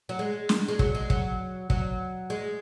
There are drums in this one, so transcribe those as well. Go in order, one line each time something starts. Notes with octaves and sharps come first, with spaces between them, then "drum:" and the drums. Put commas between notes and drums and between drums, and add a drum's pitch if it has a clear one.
F#3
G#3
drum: snare
G#3
F#3, drum: kick
G#3
F#3, drum: kick
F#3, drum: kick
G#3